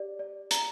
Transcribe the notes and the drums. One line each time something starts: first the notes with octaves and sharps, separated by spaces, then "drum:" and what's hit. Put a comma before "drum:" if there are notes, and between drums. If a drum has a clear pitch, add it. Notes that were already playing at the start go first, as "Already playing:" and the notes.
Already playing: G4 D5
D5
D5 A#5, drum: hi-hat